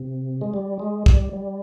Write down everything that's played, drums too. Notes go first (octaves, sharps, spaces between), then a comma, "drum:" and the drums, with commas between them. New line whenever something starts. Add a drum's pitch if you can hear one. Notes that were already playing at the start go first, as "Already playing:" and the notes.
Already playing: C3
G#3
G3
G#3
G3, drum: kick
G3